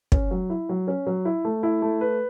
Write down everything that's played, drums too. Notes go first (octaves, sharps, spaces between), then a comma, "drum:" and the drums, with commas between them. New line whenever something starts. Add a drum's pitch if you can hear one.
C#4, drum: kick
F#3
E4
F#3
C#4
F#3
E4
A3
E4
A3
B4